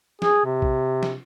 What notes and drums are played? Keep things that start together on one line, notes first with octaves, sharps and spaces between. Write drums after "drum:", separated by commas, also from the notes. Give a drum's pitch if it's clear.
G#4, drum: snare
C3
drum: kick A#1
drum: snare